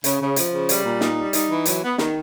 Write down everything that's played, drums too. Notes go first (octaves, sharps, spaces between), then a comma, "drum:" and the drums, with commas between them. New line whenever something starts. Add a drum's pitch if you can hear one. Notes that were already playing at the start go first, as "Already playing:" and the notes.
C#3, drum: hi-hat
C#3
F3, drum: hi-hat
C#3
G3, drum: hi-hat
A#2
D#4, drum: snare
G3
D#4, drum: hi-hat
E3
F#3, drum: hi-hat
B3
D#3, drum: snare